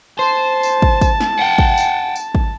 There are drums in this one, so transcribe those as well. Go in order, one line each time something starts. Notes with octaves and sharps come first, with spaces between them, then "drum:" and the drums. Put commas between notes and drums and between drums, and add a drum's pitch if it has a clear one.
C5 A5
drum: tambourine
drum: kick
drum: kick, tambourine
drum: snare
F#5 G5
drum: kick
drum: tambourine
drum: tambourine
drum: kick